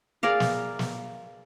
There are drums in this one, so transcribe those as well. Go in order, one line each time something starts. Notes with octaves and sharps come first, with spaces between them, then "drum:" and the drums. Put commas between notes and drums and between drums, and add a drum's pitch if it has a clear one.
G#4 A#4 D5 F5
drum: snare
drum: snare